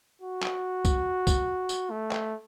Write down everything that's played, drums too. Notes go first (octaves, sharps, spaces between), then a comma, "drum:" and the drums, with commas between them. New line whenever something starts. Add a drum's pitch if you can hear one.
F#4
drum: clap
drum: kick, tambourine
drum: kick, tambourine
drum: tambourine
A3
drum: clap